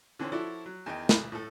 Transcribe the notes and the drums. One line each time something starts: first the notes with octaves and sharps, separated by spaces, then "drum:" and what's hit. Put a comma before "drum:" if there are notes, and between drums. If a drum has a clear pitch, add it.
D3 E3 C4 C#4
F3 E4 F#4 A4 C#5 D5
F#3
E2 D#3 D#4 G5
B1 B5, drum: snare
A2 A4